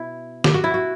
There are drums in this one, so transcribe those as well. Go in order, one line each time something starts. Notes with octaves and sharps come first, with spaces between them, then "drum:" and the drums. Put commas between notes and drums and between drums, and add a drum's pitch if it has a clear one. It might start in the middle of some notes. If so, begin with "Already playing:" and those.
Already playing: B2 E4
G4, drum: snare
F#4
E4
F#4